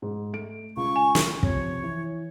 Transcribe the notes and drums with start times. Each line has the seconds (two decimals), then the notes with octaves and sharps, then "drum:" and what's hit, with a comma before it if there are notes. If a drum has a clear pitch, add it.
0.02 G#2
0.33 A3 D7
0.77 C#2 C#6
0.96 G#5
1.15 drum: snare
1.43 C3 F3 C#5, drum: kick
1.83 E3